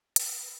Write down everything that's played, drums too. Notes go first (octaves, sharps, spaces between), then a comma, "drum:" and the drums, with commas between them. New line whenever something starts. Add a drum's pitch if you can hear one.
B4, drum: hi-hat